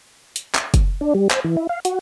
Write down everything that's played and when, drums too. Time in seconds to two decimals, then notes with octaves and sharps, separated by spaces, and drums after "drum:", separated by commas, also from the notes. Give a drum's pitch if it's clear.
0.36 drum: hi-hat
0.55 drum: clap
0.74 drum: kick, hi-hat
1.01 D4
1.15 G3
1.31 C5, drum: clap
1.44 E3
1.57 E4
1.69 F5
1.85 F#4, drum: hi-hat